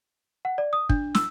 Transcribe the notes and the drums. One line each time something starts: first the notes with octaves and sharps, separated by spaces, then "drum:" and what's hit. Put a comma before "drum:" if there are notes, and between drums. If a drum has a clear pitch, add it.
F#5
D5
D#6
D4, drum: kick
E6, drum: snare